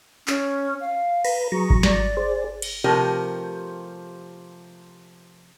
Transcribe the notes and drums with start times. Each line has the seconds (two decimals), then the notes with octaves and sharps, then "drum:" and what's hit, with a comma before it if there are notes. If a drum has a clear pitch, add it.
0.28 C#4, drum: clap
0.81 F5
1.24 B4 A#5 B5, drum: cymbal
1.52 F#3 G#4 A#5 C#6
1.70 drum: kick G#1
1.83 D5, drum: snare
2.17 G#4 C5
2.62 drum: cymbal
2.84 C3 F3 A3 G4 A#4